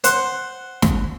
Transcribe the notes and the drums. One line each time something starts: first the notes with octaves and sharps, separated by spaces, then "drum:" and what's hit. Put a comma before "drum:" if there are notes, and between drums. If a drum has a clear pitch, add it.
C5 F#5, drum: hi-hat
drum: snare